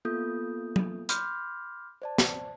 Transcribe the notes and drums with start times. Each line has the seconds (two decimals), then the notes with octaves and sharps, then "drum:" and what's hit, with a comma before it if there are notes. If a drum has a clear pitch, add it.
0.05 A#3 B3 F4 A4 D#6 G6
0.76 drum: tom F#3
1.09 B5 C6 D6 F6 G6, drum: hi-hat
2.02 C5 D5 A5
2.18 drum: snare